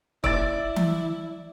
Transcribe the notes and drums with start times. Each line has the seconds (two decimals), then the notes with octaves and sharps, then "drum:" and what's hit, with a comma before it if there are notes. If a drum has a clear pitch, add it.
0.24 E4 D5 E6 A6, drum: kick
0.76 drum: tom E3